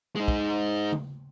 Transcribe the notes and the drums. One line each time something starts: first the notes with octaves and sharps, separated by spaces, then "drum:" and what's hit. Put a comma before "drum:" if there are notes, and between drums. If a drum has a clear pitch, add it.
G#3 D#4
drum: kick
drum: tom C#3